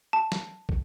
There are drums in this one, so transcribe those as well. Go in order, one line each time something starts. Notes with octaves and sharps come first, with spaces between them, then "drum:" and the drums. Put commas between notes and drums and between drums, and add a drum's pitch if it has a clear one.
A5
drum: snare
drum: kick